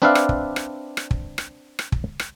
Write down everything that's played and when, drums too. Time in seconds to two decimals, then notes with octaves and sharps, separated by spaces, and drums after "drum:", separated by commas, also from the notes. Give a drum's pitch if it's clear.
0.02 C4 D4 B4 D5 E5 F5
0.15 drum: rim click
0.29 drum: kick
0.56 drum: rim click
0.97 drum: rim click
1.11 drum: kick
1.38 drum: rim click
1.79 drum: rim click
1.92 drum: kick
2.19 drum: rim click